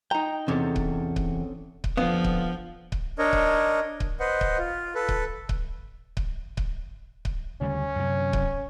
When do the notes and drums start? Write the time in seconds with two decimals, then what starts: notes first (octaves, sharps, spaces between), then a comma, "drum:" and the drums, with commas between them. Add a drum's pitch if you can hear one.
0.11 D#4 G5 A#5
0.48 E2 C3 C4 C#4 A4
0.76 drum: kick C#1
1.16 drum: kick C#1
1.84 drum: kick C#1
1.97 F2 D3 F3 B3 F5
2.24 drum: kick C#1
2.92 drum: kick C#1
3.19 D4 A#4 C#5 D#5
3.33 drum: kick C#1
4.00 drum: kick C#1
4.20 B4 C5 D#5 F#5
4.41 drum: kick C#1
4.58 F4
4.95 A4 B4
5.09 drum: kick C#1
5.49 drum: kick C#1
6.17 drum: kick C#1
6.57 drum: kick C#1
7.25 drum: kick C#1
7.61 D2 C#3 G3 C#4
7.96 F#2 C3
8.33 drum: kick C#1